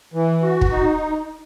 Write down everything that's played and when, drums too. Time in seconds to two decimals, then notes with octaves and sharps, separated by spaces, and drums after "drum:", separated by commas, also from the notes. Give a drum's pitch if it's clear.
0.14 E3
0.42 F#4
0.61 drum: kick
0.71 D#4